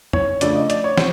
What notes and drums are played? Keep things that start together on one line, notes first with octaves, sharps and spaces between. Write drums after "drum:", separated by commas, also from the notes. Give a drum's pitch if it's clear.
C#5, drum: tom F2
C#3 F3 A3 D4 D5, drum: hi-hat
D#5
D5, drum: hi-hat
C#5
C5, drum: snare